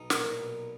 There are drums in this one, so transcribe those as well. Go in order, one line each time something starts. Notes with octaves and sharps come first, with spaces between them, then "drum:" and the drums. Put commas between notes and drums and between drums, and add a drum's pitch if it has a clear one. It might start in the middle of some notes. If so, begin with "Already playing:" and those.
Already playing: B1 D#4
A#2, drum: snare
B1